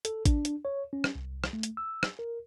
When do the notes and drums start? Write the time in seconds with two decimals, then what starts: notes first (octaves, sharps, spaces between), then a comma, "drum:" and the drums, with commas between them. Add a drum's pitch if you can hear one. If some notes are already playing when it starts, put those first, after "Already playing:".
0.05 A4, drum: hi-hat
0.25 D4, drum: kick A1, hi-hat
0.45 drum: hi-hat
0.65 C#5
0.93 C#4
1.04 drum: rim click
1.15 C2
1.44 drum: rim click
1.53 A3
1.63 drum: hi-hat
1.77 E6
2.03 drum: rim click
2.19 A#4